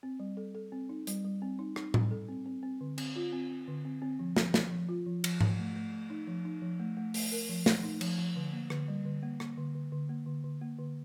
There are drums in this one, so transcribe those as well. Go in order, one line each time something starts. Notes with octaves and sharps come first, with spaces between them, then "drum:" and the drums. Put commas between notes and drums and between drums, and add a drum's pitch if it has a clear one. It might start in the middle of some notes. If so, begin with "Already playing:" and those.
C4
G3
A4
A4
C4
D#4
G3, drum: hi-hat
G3
C4
D#4
D#4, drum: rim click
G3, drum: tom A2
A4
C4
C4
C4
D3
C4, drum: cymbal
F4
C4
C4
D3
C4
C4
F3
F3, drum: snare
F3, drum: snare
F3
F4
F3
F3, drum: cymbal
F3, drum: tom G#2
A3
A3
A3
D#4
F3
D#4
F3
A3
A3
A3, drum: open hi-hat
A#4
F3
A3, drum: snare
D#4
F3, drum: cymbal
F3
D3
A#3
D3, drum: rim click
G3
D3
A#3
A#3, drum: rim click
D3
D3
D3
A#3
D3
D3
A#3
D3